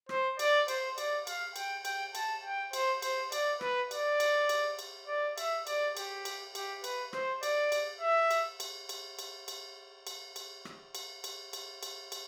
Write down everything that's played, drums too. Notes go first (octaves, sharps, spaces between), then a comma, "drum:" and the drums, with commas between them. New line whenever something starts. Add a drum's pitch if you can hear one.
C5, drum: rim click
D5, drum: cymbal
C5, drum: cymbal
D5, drum: cymbal
F5, drum: cymbal
G5, drum: cymbal
G5, drum: cymbal
A5, drum: cymbal
G5
C5, drum: cymbal
C5, drum: cymbal
D5, drum: cymbal
B4, drum: rim click
D5, drum: cymbal
drum: cymbal
drum: cymbal
drum: cymbal
D5
E5, drum: cymbal
D5, drum: cymbal
G4, drum: cymbal
drum: cymbal
G4, drum: cymbal
B4, drum: cymbal
C5, drum: rim click
D5, drum: cymbal
drum: cymbal
E5
drum: cymbal
drum: cymbal
drum: cymbal
drum: cymbal
drum: cymbal
drum: cymbal
drum: cymbal
drum: rim click
drum: cymbal
drum: cymbal
drum: cymbal
drum: cymbal
drum: cymbal